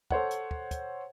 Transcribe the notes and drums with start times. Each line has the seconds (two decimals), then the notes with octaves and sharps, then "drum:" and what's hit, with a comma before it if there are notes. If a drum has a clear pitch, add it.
0.10 A4 C5 C#5 F#5, drum: kick
0.31 drum: hi-hat
0.51 drum: kick
0.71 drum: kick, hi-hat